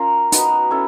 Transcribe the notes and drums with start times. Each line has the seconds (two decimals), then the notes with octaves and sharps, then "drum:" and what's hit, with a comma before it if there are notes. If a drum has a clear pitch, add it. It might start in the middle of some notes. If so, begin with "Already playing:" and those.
Already playing: C#4 F4 A#4
0.32 B3 D#4 F#4 B4, drum: hi-hat
0.71 C#4 E4 A4